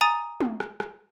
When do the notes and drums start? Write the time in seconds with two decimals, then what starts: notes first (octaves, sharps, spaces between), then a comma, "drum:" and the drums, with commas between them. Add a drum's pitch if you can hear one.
0.01 G#5 A#5 D#6 A6
0.41 drum: tom
0.60 drum: rim click
0.80 drum: rim click